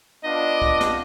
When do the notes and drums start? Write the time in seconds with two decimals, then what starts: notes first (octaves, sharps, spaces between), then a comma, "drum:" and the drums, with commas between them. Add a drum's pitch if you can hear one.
0.24 B3 D4 F4 D#5
0.62 drum: kick
0.81 drum: snare